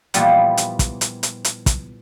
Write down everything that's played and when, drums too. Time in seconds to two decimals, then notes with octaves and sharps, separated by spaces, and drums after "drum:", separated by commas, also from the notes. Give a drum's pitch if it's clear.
0.14 A#2 E3 F3 G3 B3, drum: hi-hat
0.57 drum: hi-hat
0.79 drum: kick, hi-hat
1.01 drum: hi-hat
1.23 drum: hi-hat
1.45 drum: hi-hat
1.66 drum: kick, hi-hat